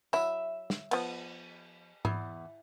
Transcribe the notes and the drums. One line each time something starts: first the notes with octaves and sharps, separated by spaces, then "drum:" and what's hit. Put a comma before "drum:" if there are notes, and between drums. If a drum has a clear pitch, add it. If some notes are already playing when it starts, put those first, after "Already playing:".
F#3 E4 E5, drum: tambourine
drum: snare
F3 B3, drum: cymbal
E2 E4, drum: tom G#2